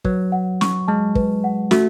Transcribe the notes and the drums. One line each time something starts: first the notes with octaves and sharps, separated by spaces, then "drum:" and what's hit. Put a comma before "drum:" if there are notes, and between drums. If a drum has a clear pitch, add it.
F#3 B4, drum: kick
F#5
C#6, drum: snare
G#3 A5
B4, drum: kick
F#5
A3 F#4, drum: snare